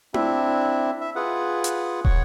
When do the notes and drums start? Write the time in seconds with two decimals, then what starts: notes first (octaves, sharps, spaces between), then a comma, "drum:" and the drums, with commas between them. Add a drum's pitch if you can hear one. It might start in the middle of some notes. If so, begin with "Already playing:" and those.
0.14 C4 D4 E4 E5, drum: tom E4
1.01 E5
1.16 F4 G#4 B4 F#5
1.64 drum: hi-hat
2.05 C#5 F#5 C#6, drum: kick